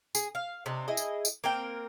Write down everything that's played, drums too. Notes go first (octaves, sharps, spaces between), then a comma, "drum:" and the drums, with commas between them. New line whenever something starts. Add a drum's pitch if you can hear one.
G#4, drum: tambourine
F5
C3 D4 D#4
E4 G#4 D#5
drum: tambourine
drum: tambourine
A#3 C4 A#4 G5